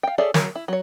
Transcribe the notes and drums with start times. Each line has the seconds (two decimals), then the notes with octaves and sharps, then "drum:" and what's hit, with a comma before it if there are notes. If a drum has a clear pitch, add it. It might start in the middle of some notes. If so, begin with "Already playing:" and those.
0.03 F5 G5
0.18 G#4 A4 C#5 D5 E5
0.34 F#3 A#4, drum: snare
0.55 E4
0.68 F#3 C#5